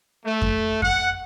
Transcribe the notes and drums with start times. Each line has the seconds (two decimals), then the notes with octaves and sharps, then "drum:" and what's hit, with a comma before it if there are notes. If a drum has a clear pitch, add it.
0.25 A3
0.42 drum: kick F2
0.82 F#5, drum: kick F2